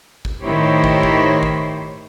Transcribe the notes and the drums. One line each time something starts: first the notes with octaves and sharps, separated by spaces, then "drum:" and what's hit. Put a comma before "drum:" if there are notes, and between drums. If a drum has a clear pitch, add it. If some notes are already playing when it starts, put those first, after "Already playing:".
drum: kick
A2 D#3 E4 G4 C5 C#5
drum: kick
drum: kick
drum: kick